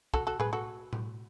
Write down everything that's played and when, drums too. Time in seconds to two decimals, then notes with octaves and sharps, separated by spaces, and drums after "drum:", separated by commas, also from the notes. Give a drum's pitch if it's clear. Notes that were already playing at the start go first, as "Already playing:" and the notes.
0.14 F#4 A4, drum: kick
0.27 F#4 A4
0.40 G#4 B4, drum: tom A2
0.53 F#4 A4
0.93 drum: tom A2